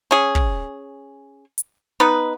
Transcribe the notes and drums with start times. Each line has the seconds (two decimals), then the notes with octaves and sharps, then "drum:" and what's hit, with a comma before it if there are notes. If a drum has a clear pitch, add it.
0.11 C#4 G#4
0.35 drum: kick
1.58 drum: hi-hat
2.00 B3 D#4 B4